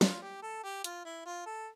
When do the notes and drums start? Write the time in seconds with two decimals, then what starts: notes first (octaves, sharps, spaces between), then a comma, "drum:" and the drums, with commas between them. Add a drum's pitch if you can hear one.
0.01 F4, drum: snare
0.22 G4
0.43 A4
0.63 G4
0.84 F4, drum: hi-hat
1.05 E4
1.26 F4
1.46 A4